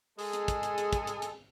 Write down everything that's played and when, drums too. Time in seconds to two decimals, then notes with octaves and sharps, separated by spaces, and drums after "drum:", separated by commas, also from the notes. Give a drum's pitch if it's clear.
0.19 G#3 G#4 A4, drum: open hi-hat
0.33 drum: hi-hat
0.48 drum: kick, hi-hat
0.63 drum: hi-hat
0.78 drum: hi-hat
0.93 drum: kick, hi-hat
1.07 drum: hi-hat
1.22 drum: hi-hat